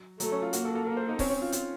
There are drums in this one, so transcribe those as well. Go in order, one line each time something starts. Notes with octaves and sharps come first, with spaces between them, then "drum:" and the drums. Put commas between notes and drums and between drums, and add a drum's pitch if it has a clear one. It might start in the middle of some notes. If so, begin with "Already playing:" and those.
Already playing: F#3
F#3 A3, drum: hi-hat
C#4
F4
A#3 F#4, drum: hi-hat
A4
A4
A#4
C5
D#4
C4 C#4, drum: kick C#1, open hi-hat
C#4
F4
F4, drum: hi-hat